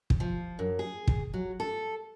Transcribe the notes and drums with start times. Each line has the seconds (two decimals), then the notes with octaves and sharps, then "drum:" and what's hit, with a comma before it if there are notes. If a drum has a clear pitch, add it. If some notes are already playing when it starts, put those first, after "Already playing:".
0.10 drum: kick
0.20 F3
0.59 F#2
0.79 G#4
1.07 drum: kick
1.34 F#3
1.60 A4